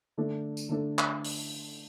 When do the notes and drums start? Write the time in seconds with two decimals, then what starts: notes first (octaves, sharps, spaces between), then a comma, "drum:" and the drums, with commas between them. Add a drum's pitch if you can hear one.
0.17 D3 A3 D4 A4
0.57 drum: tambourine
0.69 D3 A3 D4 A4
0.99 drum: clap
1.25 drum: open hi-hat